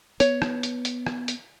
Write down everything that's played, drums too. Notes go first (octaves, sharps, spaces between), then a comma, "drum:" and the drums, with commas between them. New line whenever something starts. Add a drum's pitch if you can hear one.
B3 C#5, drum: hi-hat
drum: rim click
drum: hi-hat
drum: hi-hat
drum: rim click
drum: hi-hat